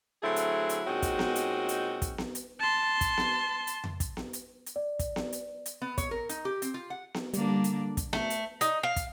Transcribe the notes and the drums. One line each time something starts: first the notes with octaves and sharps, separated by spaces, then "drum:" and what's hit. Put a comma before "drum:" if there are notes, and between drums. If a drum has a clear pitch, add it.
D3 F#3 A3 C4 E4 G#4
drum: hi-hat
drum: hi-hat
A#2 G#3 C4 C#4 D#4 F#4
drum: kick, hi-hat
drum: snare B3
drum: hi-hat
drum: hi-hat
drum: kick, hi-hat
drum: snare B3
drum: hi-hat
A5 C6
drum: kick, hi-hat
drum: snare B3
drum: hi-hat
drum: tom F2
drum: kick, hi-hat
drum: snare B3
drum: hi-hat
drum: hi-hat
D5
drum: kick, hi-hat
drum: snare B3
drum: hi-hat
drum: hi-hat
B3
C#5, drum: kick, hi-hat
A#4
D#4, drum: hi-hat
G4
C4, drum: hi-hat
F4
F#5
drum: snare B3
D3 G3 A#3 D4, drum: hi-hat
drum: hi-hat
drum: kick, hi-hat
A3, drum: snare B3
drum: hi-hat
D#4, drum: hi-hat
F5
drum: kick, hi-hat